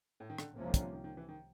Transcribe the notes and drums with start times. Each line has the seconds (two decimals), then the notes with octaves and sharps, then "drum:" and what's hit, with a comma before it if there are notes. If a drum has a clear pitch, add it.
0.20 A2
0.30 D#3
0.38 D3, drum: rim click
0.55 C2 C3 F3 A#3 C#4
0.68 D#3
0.74 D3, drum: kick, hi-hat
0.93 D#3
1.04 D#3
1.17 E3
1.29 D#3